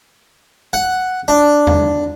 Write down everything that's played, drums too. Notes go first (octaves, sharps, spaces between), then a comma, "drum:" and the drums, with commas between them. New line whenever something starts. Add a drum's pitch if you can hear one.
F#5
D4
drum: tom E2